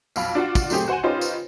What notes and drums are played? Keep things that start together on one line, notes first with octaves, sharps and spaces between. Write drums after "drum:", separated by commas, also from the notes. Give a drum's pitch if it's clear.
B1 F2 F5 B5, drum: tambourine
D4 F4 F#4
drum: kick, tambourine
F#3 A3 C4 G4 G#4, drum: tambourine
F#4 C5 F#5 G#5
C#4 D#4 F4 G4 B4 C5
drum: tambourine